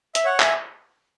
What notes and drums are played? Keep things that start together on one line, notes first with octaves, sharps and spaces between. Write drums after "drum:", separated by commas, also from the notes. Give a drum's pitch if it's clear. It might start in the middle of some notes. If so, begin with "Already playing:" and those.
E5, drum: hi-hat
C#5 F#5
E5 G#5, drum: clap